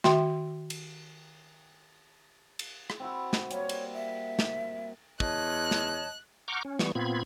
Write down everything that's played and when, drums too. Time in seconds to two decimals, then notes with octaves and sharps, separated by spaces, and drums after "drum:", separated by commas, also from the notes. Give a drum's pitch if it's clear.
0.04 D#3 F#4 E5 G5 C6, drum: snare
0.70 drum: cymbal
2.59 drum: cymbal
2.90 drum: rim click
3.00 C4 E4 F#4
3.33 drum: snare
3.51 G3 A#3 C#5, drum: hi-hat
3.69 drum: cymbal
3.93 E5
4.39 drum: snare
5.20 E2 C#5 D#5 A5 F#6, drum: kick
5.71 drum: snare
6.48 F#5 A#5 C#6 D6 F6 G6
6.65 C#4
6.79 E3 G3 B3 C#6, drum: snare
6.95 A#2 B3 C4 F4 B5 G#6